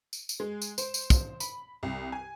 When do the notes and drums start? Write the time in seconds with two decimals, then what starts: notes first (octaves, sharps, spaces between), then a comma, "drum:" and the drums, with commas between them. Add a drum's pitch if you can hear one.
0.13 drum: tambourine
0.29 drum: tambourine
0.40 G#3
0.62 drum: tambourine
0.78 C5, drum: tambourine
0.94 drum: tambourine
1.10 drum: kick, tambourine
1.40 B5, drum: tambourine
1.83 C2
2.12 G#5